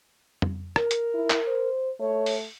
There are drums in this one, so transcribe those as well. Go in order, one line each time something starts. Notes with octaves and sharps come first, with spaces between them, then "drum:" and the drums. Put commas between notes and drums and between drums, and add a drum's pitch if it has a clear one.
drum: tom
A#4, drum: rim click
drum: hi-hat
E4
drum: clap
C5
A3 C#5
drum: open hi-hat